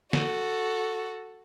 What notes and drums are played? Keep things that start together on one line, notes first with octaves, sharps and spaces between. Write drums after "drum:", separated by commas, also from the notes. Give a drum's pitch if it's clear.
F#4 A4, drum: snare